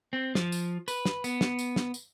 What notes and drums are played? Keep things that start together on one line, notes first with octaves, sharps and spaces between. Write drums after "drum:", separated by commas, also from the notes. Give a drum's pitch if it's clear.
C4
F3, drum: snare
drum: tambourine
B4, drum: tambourine
drum: snare
B3, drum: tambourine
drum: snare
drum: tambourine
drum: snare
drum: tambourine